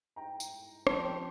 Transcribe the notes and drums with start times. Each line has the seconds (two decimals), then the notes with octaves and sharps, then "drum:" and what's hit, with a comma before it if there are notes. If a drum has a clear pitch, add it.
0.16 G5 A#5
0.40 drum: tambourine
0.87 F3 C4 G4 A5 C6, drum: rim click